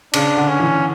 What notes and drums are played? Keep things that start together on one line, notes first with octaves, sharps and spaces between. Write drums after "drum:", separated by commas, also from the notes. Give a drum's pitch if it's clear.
C#3 D4, drum: cymbal
D3
C#4
E3